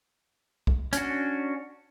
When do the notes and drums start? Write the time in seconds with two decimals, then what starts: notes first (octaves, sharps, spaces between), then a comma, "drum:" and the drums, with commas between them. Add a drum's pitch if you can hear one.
0.67 drum: kick
0.93 C#4 D4 F#4, drum: hi-hat